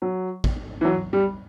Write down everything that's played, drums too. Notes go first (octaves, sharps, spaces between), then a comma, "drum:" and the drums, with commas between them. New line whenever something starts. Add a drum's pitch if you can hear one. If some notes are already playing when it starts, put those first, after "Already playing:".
F#3
drum: kick
E3
F#3
G3